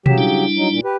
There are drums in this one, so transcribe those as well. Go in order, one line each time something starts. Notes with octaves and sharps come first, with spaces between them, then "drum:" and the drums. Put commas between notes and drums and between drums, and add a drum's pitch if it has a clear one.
C#3 E3 F#3 G4, drum: tom B2
G3 D4 E4
F#3 D#4
A#2
G4 B4